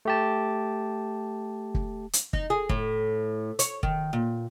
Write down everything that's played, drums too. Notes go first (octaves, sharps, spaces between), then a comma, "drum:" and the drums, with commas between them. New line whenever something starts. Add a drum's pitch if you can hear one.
A3 G4 A5
drum: kick
drum: hi-hat
D#4, drum: kick
G#4
A2, drum: kick
C#5, drum: hi-hat
D#3, drum: kick
A#2